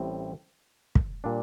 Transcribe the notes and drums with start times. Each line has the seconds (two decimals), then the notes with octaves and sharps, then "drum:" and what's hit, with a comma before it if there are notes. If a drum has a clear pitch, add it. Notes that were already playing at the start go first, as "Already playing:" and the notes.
Already playing: A1 A2 G3 C4
0.95 drum: kick
1.24 A#2 G3 D4